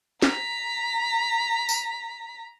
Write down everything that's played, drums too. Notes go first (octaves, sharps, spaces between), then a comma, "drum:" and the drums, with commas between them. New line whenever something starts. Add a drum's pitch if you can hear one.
A#5 B6, drum: snare
drum: tambourine